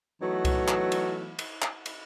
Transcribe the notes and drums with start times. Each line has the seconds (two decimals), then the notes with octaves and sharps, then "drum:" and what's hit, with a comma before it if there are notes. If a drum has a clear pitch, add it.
0.21 E3 F#3 A3 B3 D#4 F#4
0.45 drum: kick C2, cymbal
0.68 drum: clap
0.92 drum: cymbal
1.39 drum: cymbal
1.62 drum: clap
1.86 drum: cymbal